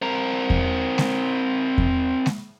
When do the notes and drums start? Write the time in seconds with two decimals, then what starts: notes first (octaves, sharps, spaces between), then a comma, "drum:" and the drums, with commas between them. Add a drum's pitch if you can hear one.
0.02 C4 A#4
0.50 drum: kick E2
0.98 drum: snare G#3
1.78 drum: kick E2
2.26 drum: snare G#3